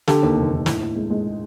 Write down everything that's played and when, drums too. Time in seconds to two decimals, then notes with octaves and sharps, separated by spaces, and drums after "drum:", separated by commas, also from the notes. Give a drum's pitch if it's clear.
0.08 D3 G4 A4, drum: snare
0.23 D#2
0.37 F1
0.52 D#2
0.66 A2, drum: snare
0.81 A2
0.96 G#3
1.10 G#3